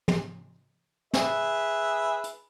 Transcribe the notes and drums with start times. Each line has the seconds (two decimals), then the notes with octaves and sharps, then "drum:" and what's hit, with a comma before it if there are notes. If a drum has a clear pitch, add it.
0.08 drum: tom
1.14 G#4 B4 E5, drum: snare
2.24 drum: hi-hat